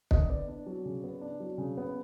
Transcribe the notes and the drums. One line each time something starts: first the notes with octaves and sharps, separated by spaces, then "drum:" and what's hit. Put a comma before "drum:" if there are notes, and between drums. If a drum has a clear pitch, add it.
D3 D#5, drum: kick
B3 D5
D4
F#3
C#3
B3
D4
F#3
C#3
B3